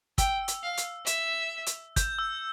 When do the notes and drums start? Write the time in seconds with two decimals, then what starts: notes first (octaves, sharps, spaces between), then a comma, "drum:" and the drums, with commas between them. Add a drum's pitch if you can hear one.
0.18 G5 E6, drum: kick, hi-hat
0.48 drum: hi-hat
0.63 F5
0.77 drum: hi-hat
1.06 E5, drum: hi-hat
1.66 drum: hi-hat
1.96 G6, drum: kick, hi-hat
2.19 E6